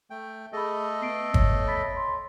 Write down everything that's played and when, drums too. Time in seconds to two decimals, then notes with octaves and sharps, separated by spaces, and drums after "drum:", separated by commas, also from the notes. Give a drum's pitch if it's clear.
0.10 A3 G5
0.52 A3 G#4 A4 D#5 B5
1.01 B3 E6 C7 D7
1.34 C#5, drum: kick G1
1.68 B5 A6 B6
1.96 C6